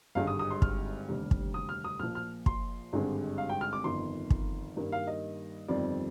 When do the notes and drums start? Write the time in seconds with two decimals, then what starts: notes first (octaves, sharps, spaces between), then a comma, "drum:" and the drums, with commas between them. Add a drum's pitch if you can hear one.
0.15 G#1 G2 D3 G#3 F5
0.27 D#6
0.39 D#6
0.50 C6
0.62 F6, drum: kick
1.09 F1 D#2 D3 G3
1.31 drum: kick
1.54 D#6
1.69 F6
1.84 D#6
1.99 A#1 A#2 F3 F6
2.15 F6
2.46 C6, drum: kick
2.93 G#1 G2 D3 G#3 C4
3.38 F5
3.49 G5
3.61 F6
3.73 D6
3.84 G1 F2 D#3 C6
4.30 drum: kick
4.77 G2 D#3 G3 A#3
4.92 F5
5.07 D#5
5.68 G1 F2 D#3 G3 C4 D5